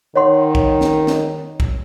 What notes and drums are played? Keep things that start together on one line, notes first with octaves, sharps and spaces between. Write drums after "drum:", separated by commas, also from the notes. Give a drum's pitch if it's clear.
D#3 C#5 F#5 C6
drum: kick
drum: snare
drum: snare
drum: kick